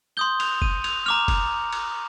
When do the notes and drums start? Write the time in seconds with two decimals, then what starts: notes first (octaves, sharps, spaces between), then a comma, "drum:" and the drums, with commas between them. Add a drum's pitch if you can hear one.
0.17 C6 D#6 G6 G7
0.40 F7, drum: cymbal
0.62 D#7, drum: kick F#1
0.84 F7, drum: cymbal
1.06 A#5 D6 F6 F7
1.28 drum: kick F#1, cymbal
1.73 drum: cymbal